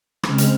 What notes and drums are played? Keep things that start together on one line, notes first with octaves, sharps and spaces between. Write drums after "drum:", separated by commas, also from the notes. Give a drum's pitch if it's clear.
C#3 G#3 C4 F6, drum: rim click
drum: hi-hat